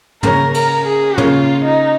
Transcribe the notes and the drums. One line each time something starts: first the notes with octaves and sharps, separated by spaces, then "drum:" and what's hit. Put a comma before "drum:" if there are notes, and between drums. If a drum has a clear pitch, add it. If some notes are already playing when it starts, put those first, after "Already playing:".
C#3 A#3 C#4 A#4, drum: tom
A#4, drum: cymbal
G#4
C#3 A#3 C#4 F4, drum: tom
D#4